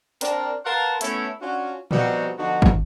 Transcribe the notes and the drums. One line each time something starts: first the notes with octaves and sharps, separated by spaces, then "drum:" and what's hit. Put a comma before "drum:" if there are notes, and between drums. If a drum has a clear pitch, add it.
C4 D4 A#4, drum: hi-hat
A#4 B4 F5 F#5 A5 C6
A3 B3 C#4 E4, drum: hi-hat
C#4 D4 F4 F#4
B2 F3 G3 C4 D#4 F#4, drum: tom A#2
D3 F3 B3 D#4 F#4
drum: kick